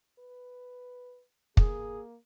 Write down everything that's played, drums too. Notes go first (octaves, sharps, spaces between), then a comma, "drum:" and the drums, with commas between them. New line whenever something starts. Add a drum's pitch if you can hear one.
B4
A#3 G#4, drum: kick